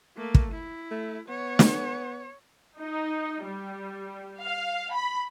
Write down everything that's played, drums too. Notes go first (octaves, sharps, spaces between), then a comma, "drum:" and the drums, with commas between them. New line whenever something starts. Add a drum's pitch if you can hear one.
A3 A#3
drum: kick
E4
A3
B3 C#5
drum: snare
D#4
G3
F5
B5